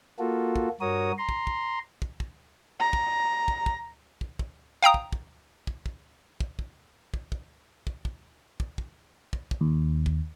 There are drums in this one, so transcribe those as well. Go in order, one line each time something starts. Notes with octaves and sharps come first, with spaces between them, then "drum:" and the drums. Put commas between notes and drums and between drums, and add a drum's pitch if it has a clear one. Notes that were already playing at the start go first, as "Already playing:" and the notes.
A#3 F4 F#4 A4
drum: kick
G2 F#4 A#4 C#5 D#6
A#5 C6
drum: kick
drum: kick
drum: kick
drum: kick
A#5
drum: kick
drum: kick
drum: kick
drum: kick
drum: kick
F5 G5 A#5 D#6
drum: kick
drum: kick
drum: kick
drum: kick
drum: kick
drum: kick
drum: kick
drum: kick
drum: kick
drum: kick
drum: kick
drum: kick
drum: kick
drum: kick
D#2
drum: kick